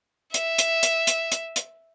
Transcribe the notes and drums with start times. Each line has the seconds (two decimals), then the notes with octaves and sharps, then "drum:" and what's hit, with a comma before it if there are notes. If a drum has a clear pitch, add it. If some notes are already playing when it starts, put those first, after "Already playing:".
0.34 E5, drum: hi-hat
0.58 drum: hi-hat
0.83 drum: hi-hat
1.07 drum: hi-hat
1.32 drum: hi-hat
1.56 drum: hi-hat